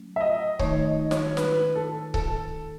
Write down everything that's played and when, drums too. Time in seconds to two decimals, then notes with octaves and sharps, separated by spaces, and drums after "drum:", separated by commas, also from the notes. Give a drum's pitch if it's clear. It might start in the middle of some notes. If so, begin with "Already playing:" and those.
Already playing: F#3 A3 C#4
0.16 E5
0.21 D#5
0.59 D#3 A3 D#4 C#5, drum: kick C#1
0.85 D#5
1.11 C#5, drum: snare
1.37 B4, drum: snare
1.75 A4
2.14 A4, drum: kick C#1